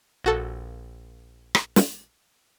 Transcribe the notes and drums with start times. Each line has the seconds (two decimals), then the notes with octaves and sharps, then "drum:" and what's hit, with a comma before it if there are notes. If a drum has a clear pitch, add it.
0.24 A#1 F#4 A4
1.55 drum: rim click
1.76 drum: snare